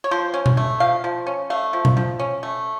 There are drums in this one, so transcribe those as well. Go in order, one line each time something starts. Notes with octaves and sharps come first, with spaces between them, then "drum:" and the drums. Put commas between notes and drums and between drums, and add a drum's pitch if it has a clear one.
C#5
F3 C5
C#4
drum: tom B2
A3
F3 F5
F3
C#4
A3 F5
F3
drum: tom B2
F3
C#4
A3